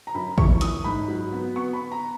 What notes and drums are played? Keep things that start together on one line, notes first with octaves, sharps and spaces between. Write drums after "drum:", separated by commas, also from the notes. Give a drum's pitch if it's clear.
A#5
F#2 B5
E3 C#6, drum: kick
F#2 D#6, drum: hi-hat
G#2 B5
F#3
B3
B3 C#6
B5
B3
A#5